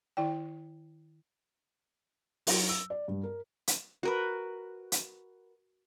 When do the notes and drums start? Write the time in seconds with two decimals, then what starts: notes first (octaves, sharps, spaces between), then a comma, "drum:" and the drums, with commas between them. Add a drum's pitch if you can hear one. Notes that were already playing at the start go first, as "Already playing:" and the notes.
0.17 D#3 E4 D5 G5
2.47 F#3, drum: open hi-hat
2.69 E6
2.90 D5
3.08 G2
3.23 A#4
3.67 drum: hi-hat
4.03 F#4 A#4 B4
4.92 drum: hi-hat